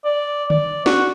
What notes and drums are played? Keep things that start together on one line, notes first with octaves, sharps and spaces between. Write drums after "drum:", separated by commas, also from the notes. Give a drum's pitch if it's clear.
D5
D5, drum: tom D3
F#4, drum: snare